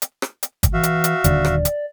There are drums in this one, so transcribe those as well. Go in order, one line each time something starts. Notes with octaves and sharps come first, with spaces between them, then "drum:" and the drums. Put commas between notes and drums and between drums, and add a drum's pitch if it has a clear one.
drum: hi-hat
drum: rim click
drum: hi-hat
drum: kick G1, hi-hat
E3 F#4 E5 F5
drum: hi-hat
drum: hi-hat
D#1 D#2 D3 D5, drum: hi-hat
drum: rim click
drum: hi-hat